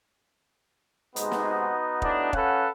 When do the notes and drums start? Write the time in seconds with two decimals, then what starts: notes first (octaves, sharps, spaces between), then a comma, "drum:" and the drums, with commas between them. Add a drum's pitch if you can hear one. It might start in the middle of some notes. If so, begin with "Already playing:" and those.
1.16 G#2 C3 G#3 B3 D#4 F#4, drum: hi-hat
1.32 drum: snare
2.02 A2 D4, drum: kick
2.33 C#4 A4 B4 F5 F#5, drum: kick